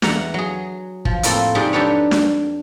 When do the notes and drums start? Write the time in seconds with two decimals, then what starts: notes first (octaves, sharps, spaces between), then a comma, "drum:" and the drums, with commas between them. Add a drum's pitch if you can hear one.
0.02 E2 E3 F#5 A#5, drum: snare
0.34 F#3 G#4
1.05 F3, drum: kick
1.23 F2 A2 A#3 C4 A4, drum: hi-hat
1.55 G#2 C3 G4 G#4 D5
1.73 D4 D#4 G4 A4 B4 C#5
2.11 drum: snare